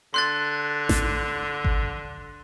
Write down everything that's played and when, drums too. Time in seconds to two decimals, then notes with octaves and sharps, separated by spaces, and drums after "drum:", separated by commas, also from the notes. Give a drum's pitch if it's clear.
0.14 D3 C6 F#6 A6
0.89 drum: snare A1
1.65 drum: kick G#1